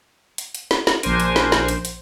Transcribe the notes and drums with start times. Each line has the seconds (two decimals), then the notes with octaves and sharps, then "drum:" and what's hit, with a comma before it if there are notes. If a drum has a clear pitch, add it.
0.38 drum: hi-hat
0.55 drum: hi-hat
0.71 drum: snare
0.87 drum: snare
1.03 A#1 D4 A#4 C5 G#5, drum: hi-hat
1.20 drum: hi-hat
1.36 drum: snare
1.52 drum: snare
1.68 drum: hi-hat
1.85 drum: hi-hat